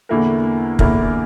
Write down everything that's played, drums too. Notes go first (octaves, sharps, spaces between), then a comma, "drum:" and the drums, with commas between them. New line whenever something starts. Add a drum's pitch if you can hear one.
E2 D3 A#3 E4 A#4
E2 D3 A#3 E4 A#4, drum: kick